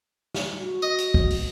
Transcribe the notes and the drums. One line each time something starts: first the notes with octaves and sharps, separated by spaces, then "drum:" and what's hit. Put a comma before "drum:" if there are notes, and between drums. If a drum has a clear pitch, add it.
drum: snare
F#4
D#5
drum: hi-hat
drum: kick
drum: open hi-hat